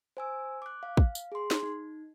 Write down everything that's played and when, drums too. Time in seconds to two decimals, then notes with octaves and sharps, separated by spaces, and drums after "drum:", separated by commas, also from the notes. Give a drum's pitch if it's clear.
0.17 C5 G#5 E6
0.62 D6 F#6
0.83 F5
0.97 drum: kick
1.15 drum: tambourine
1.32 G#4 C6
1.51 drum: snare
1.63 D#4